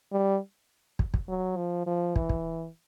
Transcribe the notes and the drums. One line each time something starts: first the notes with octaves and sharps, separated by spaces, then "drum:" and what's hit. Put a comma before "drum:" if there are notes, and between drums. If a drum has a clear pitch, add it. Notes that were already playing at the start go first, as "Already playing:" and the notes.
G3
drum: kick
drum: kick
F#3
F3
F3
E3, drum: kick
drum: kick